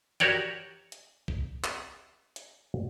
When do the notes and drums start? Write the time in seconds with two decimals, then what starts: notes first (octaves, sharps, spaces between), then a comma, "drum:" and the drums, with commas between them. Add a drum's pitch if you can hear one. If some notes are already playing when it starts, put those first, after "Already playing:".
0.20 F#4 G4 A#4 C#5 D5 G5, drum: hi-hat
0.92 drum: hi-hat
1.28 drum: kick
1.64 drum: clap
2.36 drum: hi-hat